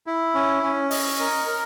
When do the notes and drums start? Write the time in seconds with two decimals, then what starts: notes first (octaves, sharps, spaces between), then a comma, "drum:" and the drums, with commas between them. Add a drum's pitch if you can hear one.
0.07 E4
0.35 C#4
0.63 C#4
0.91 D#5, drum: open hi-hat
1.19 A#4
1.47 A#4